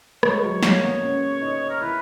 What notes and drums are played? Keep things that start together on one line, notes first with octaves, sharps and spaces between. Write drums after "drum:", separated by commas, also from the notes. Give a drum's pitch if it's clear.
G#3 C#5, drum: rim click
F#3
A#3 C#5, drum: snare
B3
C#4
D#4
A#4
E4 B4